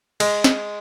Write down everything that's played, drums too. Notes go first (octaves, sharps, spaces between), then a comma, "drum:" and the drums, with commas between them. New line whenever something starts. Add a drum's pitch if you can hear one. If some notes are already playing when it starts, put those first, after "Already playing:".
G#3 D#5, drum: cymbal
drum: snare